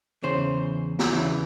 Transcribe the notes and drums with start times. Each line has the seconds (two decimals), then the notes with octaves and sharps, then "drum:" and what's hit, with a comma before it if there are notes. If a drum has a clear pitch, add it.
0.23 E2 C#3 E3 C5
0.99 drum: snare
1.11 E2 C#3 E3